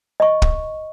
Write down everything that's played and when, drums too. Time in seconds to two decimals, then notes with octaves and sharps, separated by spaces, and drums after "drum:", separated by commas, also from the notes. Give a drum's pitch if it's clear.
0.20 D#5 C#6
0.42 drum: kick